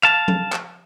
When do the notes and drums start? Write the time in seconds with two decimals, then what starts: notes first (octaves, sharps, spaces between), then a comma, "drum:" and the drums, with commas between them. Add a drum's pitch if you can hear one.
0.03 F5 A5, drum: clap
0.28 drum: tom F3
0.52 drum: clap